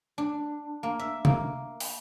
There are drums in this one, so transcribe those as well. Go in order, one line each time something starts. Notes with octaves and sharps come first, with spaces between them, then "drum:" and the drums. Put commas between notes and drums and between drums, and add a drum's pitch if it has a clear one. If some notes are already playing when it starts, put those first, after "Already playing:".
D4
A#3
E5
A#3, drum: tom C3
drum: open hi-hat